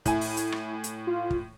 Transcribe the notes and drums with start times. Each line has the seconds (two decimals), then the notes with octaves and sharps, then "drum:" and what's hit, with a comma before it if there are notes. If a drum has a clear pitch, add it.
0.06 A2 E4 G#5, drum: kick, hi-hat
0.21 drum: open hi-hat
0.37 drum: hi-hat
0.52 drum: rim click
0.84 drum: hi-hat
1.07 F4
1.30 drum: kick